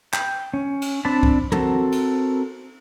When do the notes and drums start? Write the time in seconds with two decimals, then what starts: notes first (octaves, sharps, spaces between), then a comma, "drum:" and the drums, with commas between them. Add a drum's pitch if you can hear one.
0.13 G5, drum: clap
0.54 C#4
0.82 drum: cymbal
1.05 C4 D4 D5 A5 B5
1.23 drum: kick C2
1.52 C4 F#4 A4 A#4, drum: tom
1.92 drum: cymbal